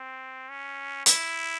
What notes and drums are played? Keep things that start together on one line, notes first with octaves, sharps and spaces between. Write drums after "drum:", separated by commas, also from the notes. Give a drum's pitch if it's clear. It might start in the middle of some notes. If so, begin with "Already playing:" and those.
Already playing: C4
C#4
E4, drum: hi-hat